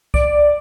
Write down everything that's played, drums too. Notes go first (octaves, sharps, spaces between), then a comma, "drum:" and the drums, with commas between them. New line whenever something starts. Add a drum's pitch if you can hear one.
D5, drum: kick C2